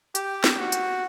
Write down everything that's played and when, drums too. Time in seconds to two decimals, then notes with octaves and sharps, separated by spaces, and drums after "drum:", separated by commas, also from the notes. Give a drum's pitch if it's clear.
0.15 G4, drum: hi-hat
0.44 drum: snare
0.59 F#4
0.72 drum: hi-hat